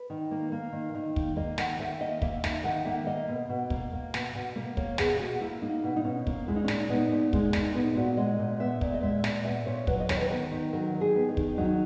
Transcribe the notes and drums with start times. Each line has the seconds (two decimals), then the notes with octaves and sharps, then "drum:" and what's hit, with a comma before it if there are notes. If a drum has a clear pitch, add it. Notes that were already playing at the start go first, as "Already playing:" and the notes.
Already playing: B4
0.10 D#3
0.31 A#3
0.52 A#3
0.73 D#3
0.95 D#3
1.16 A#3, drum: kick
1.36 A#3 D#5
1.58 D#3 F#5, drum: snare
1.79 D#3 E5
2.00 A#3 D#5
2.22 A#3 E5, drum: kick
2.44 D#3 E5, drum: snare
2.64 D#3 F#5
2.85 A#3 E5
3.07 A#3 D#5
3.29 B2
3.49 B2
3.70 A#3, drum: kick
3.93 A#3
4.14 B2, drum: snare
4.35 B2
4.56 A#3
4.77 A#3 C#5, drum: kick
4.98 B2 G#4, drum: snare
5.20 B2 F#4
5.41 A#3 E4
5.62 A#3 D#4
5.84 B2
5.96 D#4
6.05 B2 C#4
6.27 A#3, drum: kick
6.48 G#3 E4
6.56 D#4
6.64 C#4
6.68 A#2 D#4, drum: snare
6.90 B3 D#4
7.11 A#2
7.33 G#3 D#4, drum: kick
7.53 A#2 D#4, drum: snare
7.74 B3 D#4
7.96 A#2 F#4
8.17 G#3 D#5
8.39 A#2
8.60 B3 E5
8.81 A#2, drum: kick
8.94 D#5
9.02 G#3 E5
9.24 A#2 E5, drum: snare
9.45 B3 E5
9.67 A#2 C#5
9.87 F#3 B4, drum: kick
10.00 D#5
10.09 D#3 C#5, drum: snare
10.20 B4
10.30 B3 A#4
10.51 D#3
10.72 F#3 A#4
10.94 D#3
11.01 G#4
11.16 B3
11.29 D#4
11.37 D#3, drum: kick
11.57 F#3 D#4